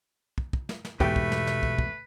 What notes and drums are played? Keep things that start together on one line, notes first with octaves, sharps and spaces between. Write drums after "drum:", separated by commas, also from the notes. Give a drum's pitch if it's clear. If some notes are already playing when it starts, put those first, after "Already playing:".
drum: kick
drum: kick
drum: snare
drum: snare
E2 G#2 B2 A3 G4 B4 G5, drum: kick
drum: kick
drum: snare
drum: snare
drum: kick
drum: kick